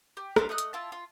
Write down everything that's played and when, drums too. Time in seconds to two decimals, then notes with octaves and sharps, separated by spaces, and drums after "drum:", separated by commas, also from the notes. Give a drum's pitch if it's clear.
0.17 G4
0.36 D4 B4 C5 F5, drum: rim click
0.49 A3 D#5 D#6 F#6
0.58 drum: hi-hat
0.73 E4 F4 A5
0.92 F4